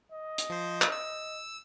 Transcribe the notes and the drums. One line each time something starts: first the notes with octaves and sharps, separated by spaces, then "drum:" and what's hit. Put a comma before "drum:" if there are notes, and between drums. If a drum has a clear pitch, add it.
D#5
drum: hi-hat
F3 C5
drum: clap
E6